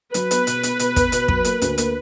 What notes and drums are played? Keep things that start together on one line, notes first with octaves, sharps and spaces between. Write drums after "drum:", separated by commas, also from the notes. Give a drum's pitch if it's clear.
F#3 B4, drum: hi-hat
B3, drum: hi-hat
B2, drum: hi-hat
B3, drum: hi-hat
B2, drum: hi-hat
B3, drum: kick, hi-hat
B2, drum: hi-hat
F#3, drum: kick
A#3, drum: hi-hat
D2, drum: hi-hat
A#3, drum: hi-hat